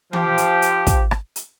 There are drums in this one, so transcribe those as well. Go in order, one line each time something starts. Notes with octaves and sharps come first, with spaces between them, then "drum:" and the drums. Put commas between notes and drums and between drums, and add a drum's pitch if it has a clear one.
F3 G4, drum: tom E3
drum: hi-hat
drum: hi-hat
drum: kick, hi-hat
drum: rim click
drum: hi-hat